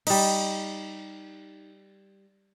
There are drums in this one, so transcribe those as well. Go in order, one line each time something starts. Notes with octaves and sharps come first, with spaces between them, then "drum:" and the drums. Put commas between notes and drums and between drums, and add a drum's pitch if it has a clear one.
G3 D#4, drum: cymbal